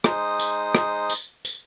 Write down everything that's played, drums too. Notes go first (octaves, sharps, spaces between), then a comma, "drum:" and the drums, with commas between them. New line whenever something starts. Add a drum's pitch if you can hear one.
G#3 D#4 C5 D#6, drum: rim click
drum: tambourine
drum: rim click
drum: tambourine
drum: tambourine